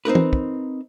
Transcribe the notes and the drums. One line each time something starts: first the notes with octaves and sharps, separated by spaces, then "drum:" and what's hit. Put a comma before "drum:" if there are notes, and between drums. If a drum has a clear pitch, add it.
C4 D#4 A#4 B4
drum: tom
drum: kick